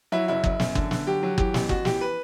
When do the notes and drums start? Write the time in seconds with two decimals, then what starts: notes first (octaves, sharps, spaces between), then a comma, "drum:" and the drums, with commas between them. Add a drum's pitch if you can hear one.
0.12 F#3 E4
0.28 F#1 E4
0.44 F#1, drum: kick
0.60 F#2, drum: snare
0.75 D3, drum: kick
0.91 D3, drum: snare
1.07 F#3 G4
1.23 F#3
1.38 E3 G4, drum: kick
1.54 A1, drum: snare
1.69 A1 F#4, drum: kick
1.85 E3 G4, drum: snare
2.01 B4